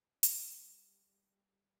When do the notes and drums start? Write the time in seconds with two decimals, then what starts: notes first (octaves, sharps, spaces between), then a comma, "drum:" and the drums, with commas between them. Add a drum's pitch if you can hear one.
0.23 G3, drum: hi-hat